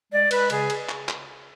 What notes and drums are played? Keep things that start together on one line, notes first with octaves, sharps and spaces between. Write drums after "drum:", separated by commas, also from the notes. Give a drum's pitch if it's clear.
G#3 D5
G#3 B4, drum: cymbal
C#3 G#4, drum: cymbal
drum: cymbal
drum: clap
drum: clap